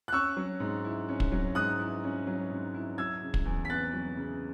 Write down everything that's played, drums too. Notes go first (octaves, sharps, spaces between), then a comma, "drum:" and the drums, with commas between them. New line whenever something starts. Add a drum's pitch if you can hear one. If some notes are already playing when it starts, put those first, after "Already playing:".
F#6
C#4 C#6 E6
F#3
G#2
E4
C#4
drum: kick
F#3
G#2 D#6 F#6
E4
C#4
F#3
G#2
E4
F#3 E6 G#6
C#3
drum: kick
E2
B6
B3 F#6 A6
F#3
C#3